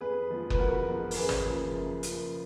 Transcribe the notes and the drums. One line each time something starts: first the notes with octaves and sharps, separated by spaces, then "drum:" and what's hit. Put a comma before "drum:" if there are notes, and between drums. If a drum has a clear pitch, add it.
F2 G#4 B4
F3 G#3 B3
B4, drum: kick F#1
F2 F#4 A#4
F3 G#3 B3
A#4, drum: open hi-hat
F#2 G#4 B4
drum: tom G#1
C#3 F3 A#3
F#2
C#3 F3 A#3, drum: hi-hat